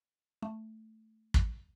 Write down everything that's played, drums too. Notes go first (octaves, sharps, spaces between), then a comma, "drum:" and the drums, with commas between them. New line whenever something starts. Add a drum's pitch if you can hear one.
A3
drum: kick